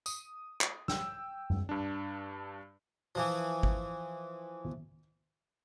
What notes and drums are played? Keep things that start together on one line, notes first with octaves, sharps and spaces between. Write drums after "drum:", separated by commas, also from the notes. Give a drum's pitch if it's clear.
D#6, drum: tambourine
drum: clap
G5 E6, drum: snare
drum: tom F#2
G2 D4
E3 F3
drum: kick G#1
drum: tom